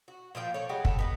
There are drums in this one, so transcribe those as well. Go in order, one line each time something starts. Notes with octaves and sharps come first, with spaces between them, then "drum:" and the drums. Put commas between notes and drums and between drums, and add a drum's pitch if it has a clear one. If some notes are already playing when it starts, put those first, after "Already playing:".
F#4
A#2 F3 G4 G5
A4 C#5 D5
G3 G#3 F#4 G4
A4, drum: kick
B3 D#4 B4